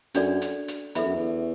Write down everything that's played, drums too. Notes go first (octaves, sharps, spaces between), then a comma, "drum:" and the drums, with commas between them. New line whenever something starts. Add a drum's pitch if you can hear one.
F#2 D4 F#4 A4 D5, drum: hi-hat
drum: hi-hat
drum: hi-hat
E2 A4 E5 B5, drum: hi-hat
F#2
E2